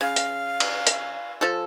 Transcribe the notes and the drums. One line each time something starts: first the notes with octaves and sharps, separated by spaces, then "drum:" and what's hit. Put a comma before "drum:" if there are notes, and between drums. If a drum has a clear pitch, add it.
C#3 F5
drum: hi-hat
drum: cymbal
drum: hi-hat
F3 A4